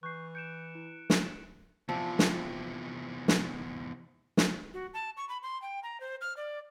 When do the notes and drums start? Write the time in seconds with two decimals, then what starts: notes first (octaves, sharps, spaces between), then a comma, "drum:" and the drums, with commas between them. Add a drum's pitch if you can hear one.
0.03 E3 C#6 F#6 G6 C7
0.35 G6 C#7 D7 E7
0.75 E4
1.10 drum: snare
1.89 E2 C3 F3 C4 D4
2.19 drum: snare
3.28 drum: snare
4.37 drum: snare
4.74 F#4
4.94 A5
5.17 C#6
5.29 B5
5.43 C6
5.62 G5
5.83 A#5
6.00 C5
6.21 F6
6.37 D5